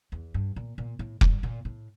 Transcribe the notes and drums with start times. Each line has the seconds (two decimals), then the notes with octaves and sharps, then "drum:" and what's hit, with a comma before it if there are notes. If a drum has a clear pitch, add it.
0.12 E2
0.34 G2
0.56 A#2
0.78 A#2
0.99 A2
1.21 G2, drum: kick F1
1.43 A#2
1.65 A2